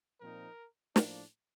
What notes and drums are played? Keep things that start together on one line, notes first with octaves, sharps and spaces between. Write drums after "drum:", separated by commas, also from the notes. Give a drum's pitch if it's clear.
A#2 F3 C4 D#4 A#4
A2 F3 A#3 D4, drum: snare